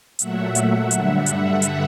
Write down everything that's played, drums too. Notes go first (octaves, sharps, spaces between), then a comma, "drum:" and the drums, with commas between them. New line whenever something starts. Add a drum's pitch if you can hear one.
A#2 F#3 A3 E5 F#5, drum: hi-hat
drum: hi-hat
G2 D3 G3 E5 F#5, drum: hi-hat
drum: hi-hat
drum: hi-hat